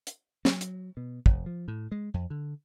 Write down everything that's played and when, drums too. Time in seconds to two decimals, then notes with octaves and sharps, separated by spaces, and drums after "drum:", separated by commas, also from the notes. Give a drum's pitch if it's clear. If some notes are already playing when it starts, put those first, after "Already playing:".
0.07 drum: hi-hat
0.45 F#3, drum: snare
0.61 drum: hi-hat
0.97 B2
1.26 F1, drum: kick
1.46 F3
1.68 A2
1.92 G#3
2.14 F2
2.30 D3